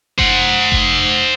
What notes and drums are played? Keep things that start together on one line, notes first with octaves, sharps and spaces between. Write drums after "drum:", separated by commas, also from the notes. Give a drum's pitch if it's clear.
C5 F#5, drum: kick F#1
drum: kick F#1